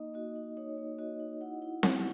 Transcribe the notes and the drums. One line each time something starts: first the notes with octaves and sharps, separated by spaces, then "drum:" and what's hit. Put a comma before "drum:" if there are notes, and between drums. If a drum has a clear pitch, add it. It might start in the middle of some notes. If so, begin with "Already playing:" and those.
Already playing: A#3 D#4 D#5
F#4 D#5
D#4
D#4 C#5
A#3
F#4 D#5
D#4
E4 F#5
E4
B3, drum: snare C4